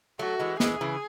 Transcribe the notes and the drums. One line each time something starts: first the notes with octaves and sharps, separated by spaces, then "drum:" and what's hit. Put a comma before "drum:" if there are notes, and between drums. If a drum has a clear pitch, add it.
F#3 A3 F#4
E3 G#3
E3 G#3 G#4, drum: snare
C#3 E3